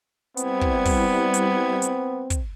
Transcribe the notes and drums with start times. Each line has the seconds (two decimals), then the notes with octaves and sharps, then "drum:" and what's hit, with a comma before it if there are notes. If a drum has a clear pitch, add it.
0.37 G3 B3 C4 E4 G#6, drum: hi-hat
0.61 drum: kick
0.85 drum: kick, open hi-hat
1.34 drum: hi-hat
1.82 drum: hi-hat
2.30 drum: kick, hi-hat